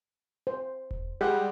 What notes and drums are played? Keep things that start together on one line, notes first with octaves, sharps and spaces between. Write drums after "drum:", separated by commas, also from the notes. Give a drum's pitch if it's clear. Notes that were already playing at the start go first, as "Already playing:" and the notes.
C5
drum: kick E1
G3 G#3 F#5 F#6